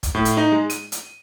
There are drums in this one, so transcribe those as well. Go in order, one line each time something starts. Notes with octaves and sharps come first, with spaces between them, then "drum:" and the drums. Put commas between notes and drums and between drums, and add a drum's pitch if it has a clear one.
drum: kick, hi-hat
A2
drum: hi-hat
D#4
G#3
D#7, drum: hi-hat
drum: hi-hat